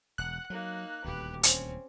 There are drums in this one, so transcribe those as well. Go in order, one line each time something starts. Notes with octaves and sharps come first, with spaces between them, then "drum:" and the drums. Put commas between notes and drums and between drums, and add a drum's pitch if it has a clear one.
E1 F#5 F#6
F#3 A#3 D#4
D#1 D2 G4 B4
C4 C#4, drum: hi-hat